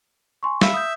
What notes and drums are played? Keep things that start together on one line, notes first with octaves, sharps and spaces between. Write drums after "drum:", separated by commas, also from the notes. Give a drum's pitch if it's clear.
G#5 C6 C#6
E5 F5 B5, drum: snare
D#6 G6